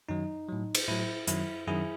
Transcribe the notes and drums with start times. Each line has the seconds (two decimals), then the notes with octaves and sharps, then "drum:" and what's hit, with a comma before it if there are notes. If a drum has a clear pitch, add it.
0.09 F#2 D#3 F#3 D#4
0.48 A2 F#3
0.75 drum: cymbal
0.88 A2 F#3 E4
1.27 F#2 D#3 F#3 E4, drum: hi-hat
1.67 F#2 D#3 F#3 E4 G#4